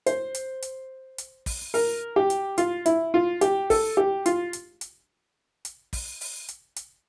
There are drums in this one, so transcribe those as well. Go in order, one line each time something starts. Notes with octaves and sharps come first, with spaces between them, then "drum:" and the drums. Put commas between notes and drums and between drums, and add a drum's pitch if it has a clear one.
C5, drum: hi-hat
drum: hi-hat
drum: hi-hat
drum: hi-hat
drum: kick, open hi-hat
A#4, drum: open hi-hat
G4
drum: hi-hat
F4, drum: hi-hat
E4, drum: hi-hat
F4
G4, drum: hi-hat
A4, drum: kick, open hi-hat
G4
F4, drum: hi-hat
drum: hi-hat
drum: hi-hat
drum: hi-hat
drum: kick, open hi-hat
drum: open hi-hat
drum: hi-hat
drum: hi-hat